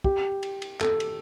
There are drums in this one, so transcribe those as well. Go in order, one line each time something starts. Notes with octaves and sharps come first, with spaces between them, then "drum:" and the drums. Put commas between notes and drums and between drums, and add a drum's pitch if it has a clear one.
G4, drum: kick
drum: cymbal
drum: cymbal
A4, drum: clap
drum: cymbal